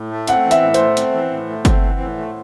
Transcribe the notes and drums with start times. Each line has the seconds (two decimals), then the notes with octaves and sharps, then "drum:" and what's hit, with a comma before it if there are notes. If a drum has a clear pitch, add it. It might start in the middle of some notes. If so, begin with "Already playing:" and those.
Already playing: A2
0.11 A3
0.27 C4 F#5, drum: hi-hat
0.45 E3
0.51 E5, drum: hi-hat
0.62 A2
0.74 A3 C5, drum: hi-hat
0.97 C4, drum: hi-hat
1.13 E3
1.31 A2
1.49 A3
1.65 C4, drum: kick G1, hi-hat
1.83 E3
2.00 A2
2.17 A3